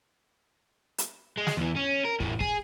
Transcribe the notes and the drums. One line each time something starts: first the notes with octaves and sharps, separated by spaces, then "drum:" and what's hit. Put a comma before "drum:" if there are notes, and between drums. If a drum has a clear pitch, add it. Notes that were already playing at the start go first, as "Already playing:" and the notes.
drum: hi-hat
G#3
drum: snare
E2 E3
C#4
A#4
E2 A2, drum: kick
G#4, drum: kick